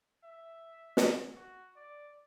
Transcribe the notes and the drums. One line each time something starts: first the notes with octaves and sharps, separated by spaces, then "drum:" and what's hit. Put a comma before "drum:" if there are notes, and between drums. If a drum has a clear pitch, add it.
E5
drum: snare
F#4
D5